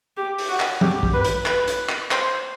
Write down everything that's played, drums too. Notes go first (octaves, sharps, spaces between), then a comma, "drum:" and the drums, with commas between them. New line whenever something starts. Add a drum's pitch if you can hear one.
G4
drum: open hi-hat
F#4
drum: clap
G4, drum: tom E3
drum: kick
B4
drum: hi-hat
B4, drum: clap
drum: hi-hat
drum: clap
C5, drum: clap